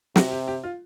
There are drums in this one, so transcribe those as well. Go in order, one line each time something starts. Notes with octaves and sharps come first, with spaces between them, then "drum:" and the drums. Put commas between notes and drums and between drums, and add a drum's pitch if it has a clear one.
C3 F#4, drum: snare
G4
G4
F4